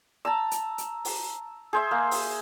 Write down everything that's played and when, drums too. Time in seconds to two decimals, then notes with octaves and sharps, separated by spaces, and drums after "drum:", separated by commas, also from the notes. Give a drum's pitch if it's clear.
0.25 A5 A#5 E6
0.51 drum: hi-hat
0.78 drum: hi-hat
1.05 drum: open hi-hat
1.73 G#4 C5 E5
1.91 A#3
2.11 drum: open hi-hat